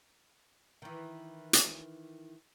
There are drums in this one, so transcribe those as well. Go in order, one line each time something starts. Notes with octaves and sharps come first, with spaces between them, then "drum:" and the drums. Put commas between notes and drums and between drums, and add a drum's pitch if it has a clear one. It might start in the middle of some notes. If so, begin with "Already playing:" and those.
D#3 E3
drum: hi-hat